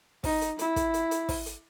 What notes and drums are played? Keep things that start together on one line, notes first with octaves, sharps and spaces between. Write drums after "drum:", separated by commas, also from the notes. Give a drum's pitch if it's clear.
D#4, drum: kick, open hi-hat
drum: hi-hat
E4, drum: hi-hat
drum: kick, hi-hat
drum: hi-hat
drum: hi-hat
drum: kick, open hi-hat
drum: hi-hat